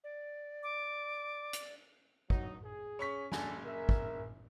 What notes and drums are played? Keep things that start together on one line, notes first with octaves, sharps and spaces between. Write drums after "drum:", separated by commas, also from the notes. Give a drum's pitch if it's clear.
D5
D6
drum: hi-hat
F#3 D#4, drum: kick
G#4
C#4 C#6 B6
F#1 D4 A4 G#5, drum: snare
A#4 E5
drum: kick